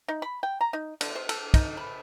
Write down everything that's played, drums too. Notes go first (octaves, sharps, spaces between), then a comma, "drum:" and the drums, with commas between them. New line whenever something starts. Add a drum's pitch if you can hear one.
D#4
B5
G5
A#5
D#4
D3, drum: cymbal
C5
A4, drum: cymbal
D#4, drum: kick, cymbal
B5